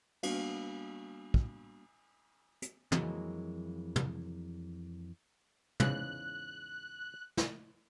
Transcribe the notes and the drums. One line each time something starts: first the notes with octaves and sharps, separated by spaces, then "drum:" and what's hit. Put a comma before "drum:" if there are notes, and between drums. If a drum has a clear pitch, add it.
G3 A#3 B3 D4 F#4 F5, drum: cymbal
drum: kick
drum: hi-hat
F2 E3 F#3 G#3 A#3, drum: tom
drum: tom
E2 G#2 C#3 F#6, drum: tom
drum: snare